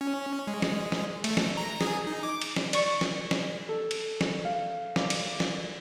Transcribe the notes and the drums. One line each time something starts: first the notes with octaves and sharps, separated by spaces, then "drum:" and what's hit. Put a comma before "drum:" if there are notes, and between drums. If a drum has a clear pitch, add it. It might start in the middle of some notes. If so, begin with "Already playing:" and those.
C#4
G#3
drum: snare
drum: snare
A3, drum: cymbal
drum: snare
A#5
G#4, drum: snare
D#4
D6
drum: cymbal
drum: snare
D5 C#6 C#7, drum: cymbal
drum: snare
drum: snare
A4
drum: cymbal
drum: snare
F5
D5, drum: snare
drum: cymbal
D5
drum: snare